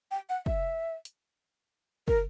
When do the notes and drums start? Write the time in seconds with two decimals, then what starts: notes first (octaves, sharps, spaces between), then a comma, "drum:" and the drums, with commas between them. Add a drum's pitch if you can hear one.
0.11 G5
0.29 F#5
0.46 E5, drum: kick
1.05 drum: hi-hat
2.08 A#4, drum: kick